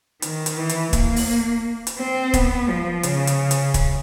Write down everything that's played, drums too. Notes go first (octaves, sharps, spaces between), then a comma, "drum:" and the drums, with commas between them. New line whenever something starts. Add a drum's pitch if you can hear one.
D#3, drum: hi-hat
drum: hi-hat
E3
drum: hi-hat
A#3, drum: kick, hi-hat
drum: open hi-hat
drum: hi-hat
C4
B3, drum: kick, hi-hat
F3
C#3, drum: hi-hat
drum: hi-hat
drum: hi-hat
drum: kick, hi-hat